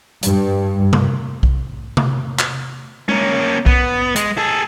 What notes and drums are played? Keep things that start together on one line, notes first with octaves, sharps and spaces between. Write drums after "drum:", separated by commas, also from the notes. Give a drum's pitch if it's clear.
G2, drum: hi-hat
drum: tom C3
drum: kick B1
drum: tom C3
drum: clap
A#3 C#4, drum: tom G#3
B3, drum: kick B1
G#3, drum: hi-hat
G#4 A4